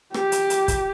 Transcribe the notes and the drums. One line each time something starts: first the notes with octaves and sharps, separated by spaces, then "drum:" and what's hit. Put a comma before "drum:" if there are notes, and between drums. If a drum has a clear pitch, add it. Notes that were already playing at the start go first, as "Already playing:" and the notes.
G4, drum: rim click
drum: hi-hat
drum: hi-hat
drum: kick, hi-hat